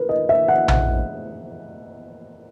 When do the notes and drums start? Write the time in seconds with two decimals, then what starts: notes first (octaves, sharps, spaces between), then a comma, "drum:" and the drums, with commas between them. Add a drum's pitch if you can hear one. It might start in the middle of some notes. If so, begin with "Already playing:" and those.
Already playing: A#4 B4
0.09 D#5
0.29 E5
0.48 F#5
0.68 F#5, drum: tom A#1